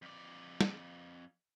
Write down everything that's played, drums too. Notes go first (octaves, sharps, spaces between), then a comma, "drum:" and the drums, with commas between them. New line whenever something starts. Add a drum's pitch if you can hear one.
F2 D5
drum: snare